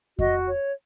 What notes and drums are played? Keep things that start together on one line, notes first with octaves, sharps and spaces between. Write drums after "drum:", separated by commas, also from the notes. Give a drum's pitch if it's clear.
F#4 D#5, drum: kick F2
C#5